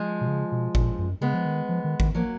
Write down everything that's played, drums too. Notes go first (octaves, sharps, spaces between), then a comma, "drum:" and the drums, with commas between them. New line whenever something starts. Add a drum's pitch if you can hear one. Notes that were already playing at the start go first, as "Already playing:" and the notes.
Already playing: F3 G#3
B2
C#3
B2
A#2, drum: kick G#1
F#2
C#3 G#3 B3
F3
D#3
F3
D#3
D#3, drum: kick G#1
F3 F#3 A#3